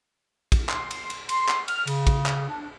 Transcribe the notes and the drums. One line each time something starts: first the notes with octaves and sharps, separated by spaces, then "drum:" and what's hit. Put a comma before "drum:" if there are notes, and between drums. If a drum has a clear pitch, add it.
drum: kick, cymbal
C6, drum: clap
drum: cymbal
drum: cymbal
C6, drum: cymbal
drum: clap
F6, drum: cymbal
C#3, drum: cymbal
drum: kick, cymbal
drum: clap
D4